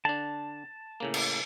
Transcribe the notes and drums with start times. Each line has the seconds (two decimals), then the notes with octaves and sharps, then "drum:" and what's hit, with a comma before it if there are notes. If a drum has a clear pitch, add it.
0.05 D3 D4 A5
1.00 A2 C#3 A#3
1.14 drum: cymbal